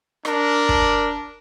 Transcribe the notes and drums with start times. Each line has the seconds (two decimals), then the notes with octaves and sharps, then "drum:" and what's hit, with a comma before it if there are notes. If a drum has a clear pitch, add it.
0.25 D4 A#4, drum: rim click
0.69 drum: kick